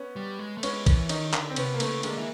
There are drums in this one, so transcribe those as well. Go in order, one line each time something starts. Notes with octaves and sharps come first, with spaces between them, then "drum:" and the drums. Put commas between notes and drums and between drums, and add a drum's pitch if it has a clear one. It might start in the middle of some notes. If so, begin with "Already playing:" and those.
Already playing: B3 C#4
G3
G#3
A3
G#3 B3 C#4, drum: cymbal
E3, drum: kick A#1, cymbal
D#3 C#4 D#4, drum: cymbal
D3, drum: clap
C4
C3 B3 C#4, drum: cymbal
A#3
C#3 A3 B3, drum: cymbal
D3 G#3 A#3, drum: cymbal
E3